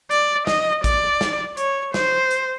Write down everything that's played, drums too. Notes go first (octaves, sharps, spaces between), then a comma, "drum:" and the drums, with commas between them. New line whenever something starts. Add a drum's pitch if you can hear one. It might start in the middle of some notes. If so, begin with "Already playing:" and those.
D5, drum: hi-hat
D#5, drum: snare
D5, drum: kick A1, hi-hat
drum: snare
C#5, drum: hi-hat
C5, drum: snare
drum: hi-hat